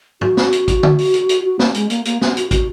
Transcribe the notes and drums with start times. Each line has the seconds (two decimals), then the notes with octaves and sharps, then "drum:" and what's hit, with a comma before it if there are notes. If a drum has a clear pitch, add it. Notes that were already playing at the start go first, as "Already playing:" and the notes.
0.21 F#4, drum: tom
0.37 drum: snare
0.52 drum: hi-hat
0.68 drum: kick, hi-hat
0.83 drum: tom
0.98 drum: open hi-hat
1.14 drum: hi-hat
1.29 drum: hi-hat
1.44 F#4
1.59 A#3, drum: snare
1.74 G#3, drum: hi-hat
1.90 A#3, drum: hi-hat
2.05 A#3, drum: hi-hat
2.22 B3, drum: snare
2.37 F#4, drum: hi-hat
2.51 F#4, drum: kick, hi-hat